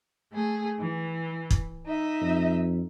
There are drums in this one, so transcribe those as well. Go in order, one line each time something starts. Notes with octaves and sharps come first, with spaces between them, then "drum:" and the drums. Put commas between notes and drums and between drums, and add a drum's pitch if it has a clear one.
A3 G#4
E3
drum: kick
D#4 E5
F2